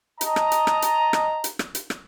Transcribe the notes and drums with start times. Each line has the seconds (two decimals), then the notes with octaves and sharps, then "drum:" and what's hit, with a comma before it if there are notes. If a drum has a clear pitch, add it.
0.21 D#5 A5 A#5, drum: hi-hat
0.36 drum: rim click
0.52 drum: hi-hat
0.67 drum: rim click
0.82 drum: hi-hat
1.13 drum: rim click
1.44 drum: hi-hat
1.59 drum: rim click
1.75 drum: hi-hat
1.90 drum: rim click